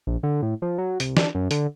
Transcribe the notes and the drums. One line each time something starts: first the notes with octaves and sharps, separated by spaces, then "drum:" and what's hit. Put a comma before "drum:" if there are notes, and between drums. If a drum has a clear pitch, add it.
A#1
D3
A2
F3
F#3
C2, drum: hi-hat
D4, drum: snare
F#2
D3, drum: hi-hat